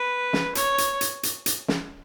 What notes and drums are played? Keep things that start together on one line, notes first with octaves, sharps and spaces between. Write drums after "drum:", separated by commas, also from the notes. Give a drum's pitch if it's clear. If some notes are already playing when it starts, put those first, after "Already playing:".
Already playing: B4
drum: snare
C#5, drum: hi-hat
drum: hi-hat
drum: hi-hat
drum: hi-hat
drum: hi-hat
drum: snare